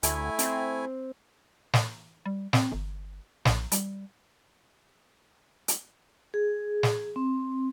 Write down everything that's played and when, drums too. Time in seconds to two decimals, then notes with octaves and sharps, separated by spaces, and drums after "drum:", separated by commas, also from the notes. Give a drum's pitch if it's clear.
0.03 D2 A3 E4 G#5, drum: hi-hat
0.39 C4, drum: hi-hat
1.73 drum: snare
2.26 G3
2.53 C4, drum: snare
2.72 G1
3.45 A#1, drum: snare
3.72 G3, drum: hi-hat
5.68 drum: hi-hat
6.34 G#4
6.83 drum: snare
7.16 C4